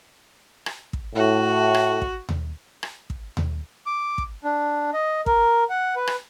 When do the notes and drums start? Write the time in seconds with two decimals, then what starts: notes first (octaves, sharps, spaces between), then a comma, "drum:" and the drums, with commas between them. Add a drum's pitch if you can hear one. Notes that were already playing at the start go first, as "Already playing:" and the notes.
0.66 drum: rim click
0.93 drum: kick
1.15 A2 F#4
1.74 drum: rim click
2.02 drum: kick
2.29 drum: tom D#2
2.83 drum: rim click
3.10 drum: kick
3.37 drum: tom D#2
3.86 D6
4.18 drum: kick
4.44 D4
4.93 D#5
5.26 A#4, drum: kick
5.70 F#5
5.96 B4
6.07 drum: rim click